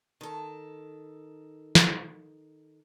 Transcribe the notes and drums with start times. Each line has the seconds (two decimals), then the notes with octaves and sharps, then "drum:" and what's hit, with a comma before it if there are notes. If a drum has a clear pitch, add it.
0.21 D#3 A4
1.75 drum: snare